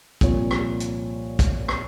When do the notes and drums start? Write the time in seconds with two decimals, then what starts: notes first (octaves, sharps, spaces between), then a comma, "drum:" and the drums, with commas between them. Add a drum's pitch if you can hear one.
0.21 C2 A#2 F3 C#5, drum: kick, hi-hat
0.51 drum: rim click
0.80 drum: hi-hat
1.39 drum: kick, hi-hat
1.68 drum: rim click